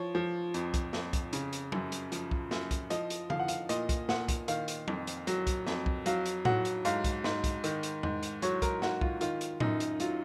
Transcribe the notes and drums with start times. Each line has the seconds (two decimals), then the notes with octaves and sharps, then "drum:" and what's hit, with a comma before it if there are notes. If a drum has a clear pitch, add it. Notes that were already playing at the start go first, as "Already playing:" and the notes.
Already playing: F3 C#5
0.15 F3
0.54 F2, drum: hi-hat
0.74 drum: kick, hi-hat
0.93 F2, drum: snare
1.13 drum: kick, hi-hat
1.33 C#3, drum: hi-hat
1.53 drum: hi-hat
1.72 F#2, drum: tom F#3
1.92 drum: hi-hat
2.12 F3, drum: hi-hat
2.31 drum: kick
2.51 F#2, drum: snare
2.71 drum: kick, hi-hat
2.90 F3 D#5, drum: hi-hat
3.10 drum: hi-hat
3.30 F3 F5, drum: tom D3
3.39 F#5
3.48 F5, drum: hi-hat
3.69 A#2 D#5, drum: hi-hat
3.89 drum: kick, hi-hat
4.09 A#2 F#5, drum: snare
4.28 drum: kick, hi-hat
4.48 D#3 F5, drum: hi-hat
4.68 drum: hi-hat
4.88 F2, drum: tom F#3
5.07 drum: hi-hat
5.27 F#3, drum: hi-hat
5.47 drum: kick, hi-hat
5.67 F2, drum: snare
5.86 drum: kick
6.06 F#3 F5, drum: hi-hat
6.26 drum: hi-hat
6.45 F#3 F#5, drum: tom A2
6.65 drum: hi-hat
6.85 G#2 F5, drum: hi-hat
7.04 drum: kick, hi-hat
7.24 G#2, drum: snare
7.44 drum: kick, hi-hat
7.64 D#3, drum: hi-hat
7.83 drum: hi-hat
8.03 G#2, drum: tom E2
8.23 drum: hi-hat
8.42 F#3 C#5, drum: hi-hat
8.62 A#4, drum: kick, hi-hat
8.82 G#2 F#4, drum: snare
9.01 F4, drum: kick
9.21 D#3 F4, drum: hi-hat
9.41 drum: hi-hat
9.60 F#2 D#4, drum: tom A2
9.80 drum: hi-hat
10.00 F#3 F4, drum: hi-hat